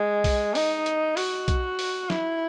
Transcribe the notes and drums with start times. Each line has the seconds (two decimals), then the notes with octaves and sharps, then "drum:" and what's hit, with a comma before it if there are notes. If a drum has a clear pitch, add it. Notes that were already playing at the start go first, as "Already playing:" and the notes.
Already playing: G#3
0.24 drum: kick B1, open hi-hat
0.55 D#4, drum: open hi-hat
0.86 drum: hi-hat
1.17 F#4, drum: open hi-hat
1.48 drum: kick B1, hi-hat
1.79 drum: open hi-hat
2.10 E4, drum: snare